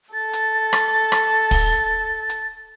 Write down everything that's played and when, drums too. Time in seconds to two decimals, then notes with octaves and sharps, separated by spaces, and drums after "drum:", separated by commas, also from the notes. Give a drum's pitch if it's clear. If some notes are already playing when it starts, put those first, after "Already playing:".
0.14 A4 A6
0.33 drum: hi-hat
0.73 drum: rim click
1.12 drum: rim click
1.51 drum: kick, open hi-hat
2.30 drum: hi-hat